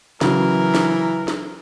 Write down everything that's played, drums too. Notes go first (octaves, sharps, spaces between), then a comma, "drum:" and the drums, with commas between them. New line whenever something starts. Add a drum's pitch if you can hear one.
C#3 E3 F#3 A#4, drum: snare
drum: snare
drum: snare